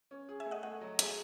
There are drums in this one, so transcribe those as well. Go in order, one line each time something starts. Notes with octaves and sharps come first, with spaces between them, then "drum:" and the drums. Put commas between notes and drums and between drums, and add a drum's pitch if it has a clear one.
C#4
G#4
E5 G#5
A3
D#5 F#5
A3 D#5 F#5
F#3
G#4, drum: hi-hat